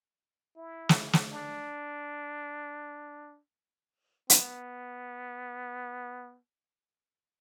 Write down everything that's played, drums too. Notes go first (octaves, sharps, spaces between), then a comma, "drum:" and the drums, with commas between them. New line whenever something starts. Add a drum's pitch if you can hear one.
E4
drum: snare
drum: snare
D4
B3, drum: hi-hat